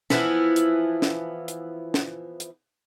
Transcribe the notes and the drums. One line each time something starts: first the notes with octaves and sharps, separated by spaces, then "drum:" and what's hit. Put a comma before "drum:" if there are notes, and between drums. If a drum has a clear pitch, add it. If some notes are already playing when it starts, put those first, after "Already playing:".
E3 F3 B3 E4, drum: snare
drum: hi-hat
drum: snare
drum: hi-hat
drum: snare
drum: hi-hat